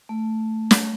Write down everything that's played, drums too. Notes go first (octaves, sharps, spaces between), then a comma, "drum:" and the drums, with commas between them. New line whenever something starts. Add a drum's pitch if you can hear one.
A3
drum: snare